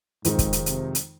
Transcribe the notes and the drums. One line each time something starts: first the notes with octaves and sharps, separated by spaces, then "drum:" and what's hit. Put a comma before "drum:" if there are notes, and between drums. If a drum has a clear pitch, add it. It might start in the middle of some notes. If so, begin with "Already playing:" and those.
F2 G#2 D#3 G#3 C4 D#4, drum: hi-hat
drum: kick, hi-hat
drum: hi-hat
C3, drum: hi-hat
drum: hi-hat